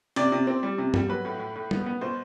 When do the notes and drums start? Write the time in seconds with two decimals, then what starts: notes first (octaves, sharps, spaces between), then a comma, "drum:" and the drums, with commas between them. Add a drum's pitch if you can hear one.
0.16 C3 D5, drum: hi-hat
0.32 C3
0.47 C4
0.63 G3
0.78 C3
0.94 G3, drum: tom
1.09 F#3 B4
1.25 A2
1.39 A2
1.55 A2
1.71 B3, drum: tom
1.86 B3
2.01 B2 C5